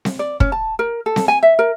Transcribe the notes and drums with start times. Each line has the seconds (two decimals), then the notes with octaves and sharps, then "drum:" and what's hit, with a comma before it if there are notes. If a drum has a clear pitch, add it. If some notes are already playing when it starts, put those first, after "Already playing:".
0.05 drum: snare C4
0.19 D5
0.40 C#4, drum: kick
0.52 A5
0.79 A#4
1.06 A4
1.16 drum: snare C4
1.28 G#5
1.43 E5
1.59 A#4